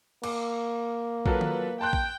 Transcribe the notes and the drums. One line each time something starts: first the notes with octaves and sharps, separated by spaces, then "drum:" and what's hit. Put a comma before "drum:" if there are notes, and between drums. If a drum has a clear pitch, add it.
A#3 D6, drum: cymbal
F#3 F4 A4 B4, drum: kick
drum: tom D#3
G5 A5 C6 F#6
drum: kick